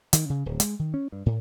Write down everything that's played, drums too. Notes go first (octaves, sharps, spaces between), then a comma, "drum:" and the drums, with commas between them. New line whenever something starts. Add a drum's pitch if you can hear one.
D#3, drum: hi-hat
C#3
D1
G#3, drum: hi-hat
D#3
C#4
G2
A2